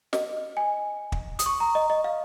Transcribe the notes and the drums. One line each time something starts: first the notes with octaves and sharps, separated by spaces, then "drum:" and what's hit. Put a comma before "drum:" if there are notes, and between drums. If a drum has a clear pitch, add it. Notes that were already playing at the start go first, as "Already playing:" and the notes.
D#5, drum: snare
G#5
drum: kick
D#6, drum: hi-hat
C#6
A#5
D#5
D#5
F5